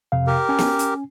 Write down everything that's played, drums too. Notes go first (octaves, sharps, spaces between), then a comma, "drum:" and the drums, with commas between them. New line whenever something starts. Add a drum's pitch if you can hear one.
F2 C3 F5
G4 A#4
C#4 G#5
drum: snare
drum: hi-hat